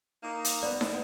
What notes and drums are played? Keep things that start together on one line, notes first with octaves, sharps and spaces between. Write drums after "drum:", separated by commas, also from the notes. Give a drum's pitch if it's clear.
A#3 D#4
drum: hi-hat
B3 D5
drum: snare D#4